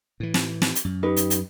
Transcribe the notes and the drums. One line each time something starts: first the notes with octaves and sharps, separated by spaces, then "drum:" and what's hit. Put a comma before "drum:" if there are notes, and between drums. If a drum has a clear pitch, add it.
A2 E3
drum: snare
drum: snare
drum: hi-hat
F#2
D#4 G4 B4
drum: hi-hat
drum: hi-hat